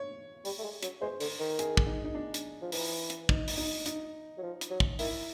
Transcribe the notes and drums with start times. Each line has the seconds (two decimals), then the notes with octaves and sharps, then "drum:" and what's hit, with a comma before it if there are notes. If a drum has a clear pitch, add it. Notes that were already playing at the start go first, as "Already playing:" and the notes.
Already playing: C#5
0.45 G3, drum: open hi-hat
0.58 A3
0.64 G#3
0.82 F#3, drum: hi-hat
1.02 G#3 C5
1.20 D3, drum: open hi-hat
1.39 D#3
1.59 G#4, drum: hi-hat
1.77 drum: kick
1.87 D#4
2.04 D#4
2.15 D4
2.34 drum: hi-hat
2.62 F3
2.72 E3, drum: open hi-hat
3.10 drum: hi-hat
3.29 D#4, drum: kick
3.48 drum: open hi-hat
3.57 D#4
3.86 D#4, drum: hi-hat
4.38 F#3
4.43 F3
4.61 drum: hi-hat
4.71 F#3
4.80 drum: kick
4.99 D#3 E4, drum: open hi-hat